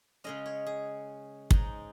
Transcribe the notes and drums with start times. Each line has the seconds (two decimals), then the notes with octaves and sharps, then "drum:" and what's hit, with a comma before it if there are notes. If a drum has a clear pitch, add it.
0.24 C#3 G#3 C#4 D#5
0.46 C#5
0.66 G#4
1.51 G#2 G#3 D#4, drum: kick